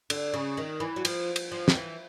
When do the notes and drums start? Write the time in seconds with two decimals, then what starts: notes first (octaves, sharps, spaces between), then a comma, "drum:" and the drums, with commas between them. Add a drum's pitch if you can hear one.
0.10 D3, drum: cymbal
0.34 C#3
0.57 D#3
0.80 E3
0.96 F#3
1.05 F3, drum: cymbal
1.36 drum: cymbal
1.52 F3
1.68 D#3, drum: snare
1.75 E3